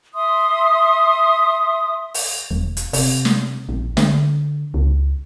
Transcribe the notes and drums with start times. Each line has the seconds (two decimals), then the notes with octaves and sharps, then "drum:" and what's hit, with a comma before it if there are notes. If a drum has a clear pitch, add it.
0.13 E5 C6 D#6
2.14 drum: open hi-hat
2.51 E1
2.77 drum: hi-hat
2.93 C3, drum: open hi-hat
3.25 drum: snare
3.69 A#1
3.97 D3, drum: snare
4.74 C#2